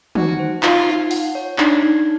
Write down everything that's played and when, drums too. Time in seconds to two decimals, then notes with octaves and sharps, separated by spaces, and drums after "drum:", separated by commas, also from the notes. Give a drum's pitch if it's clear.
0.15 D#4 F#4, drum: tom
0.39 C5
0.63 D#4 F4, drum: clap
0.87 D#4
1.11 F#5, drum: open hi-hat
1.35 C#5
1.58 D4 D#4, drum: clap
1.82 D#4